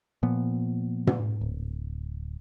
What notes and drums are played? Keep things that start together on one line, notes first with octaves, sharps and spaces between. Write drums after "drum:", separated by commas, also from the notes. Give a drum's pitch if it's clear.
A#2 F3 B3
drum: tom
D1